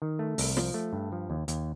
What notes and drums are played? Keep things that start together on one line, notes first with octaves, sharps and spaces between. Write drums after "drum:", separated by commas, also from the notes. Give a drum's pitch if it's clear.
D#3
A3
C2, drum: open hi-hat
F3, drum: snare
A3
G2
F3
D#2
D#2, drum: hi-hat